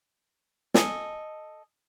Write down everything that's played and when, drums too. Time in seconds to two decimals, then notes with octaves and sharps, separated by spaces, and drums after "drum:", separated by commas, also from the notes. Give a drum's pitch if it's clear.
0.74 A4 D#5 G#5, drum: snare